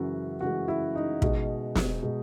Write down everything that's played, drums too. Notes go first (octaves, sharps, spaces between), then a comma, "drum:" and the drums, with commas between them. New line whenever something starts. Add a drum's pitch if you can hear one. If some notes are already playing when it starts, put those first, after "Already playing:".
Already playing: F#2 C#3 E3 G#3 F#4
F#2 C#3 E3 G#3 F#4
E4
D#4
B2 G#3, drum: kick
drum: snare
B2 G#3